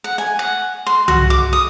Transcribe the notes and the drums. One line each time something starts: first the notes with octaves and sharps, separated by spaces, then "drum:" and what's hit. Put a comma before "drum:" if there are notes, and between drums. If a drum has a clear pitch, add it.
F#5
G#5
F#5
C6
F#4, drum: tom C2
D6
D#6